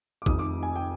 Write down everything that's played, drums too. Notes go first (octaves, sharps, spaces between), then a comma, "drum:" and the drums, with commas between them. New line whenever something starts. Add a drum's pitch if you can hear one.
D6
F1 F2 C3 D#3 D#6, drum: kick
D6
G#5
G5